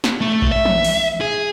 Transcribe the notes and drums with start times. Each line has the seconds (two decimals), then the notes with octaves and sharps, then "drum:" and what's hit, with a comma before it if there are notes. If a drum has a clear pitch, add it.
0.04 drum: snare
0.21 A3
0.42 drum: kick A#1
0.52 E5
0.65 drum: tom E3
0.85 drum: open hi-hat
1.21 G#4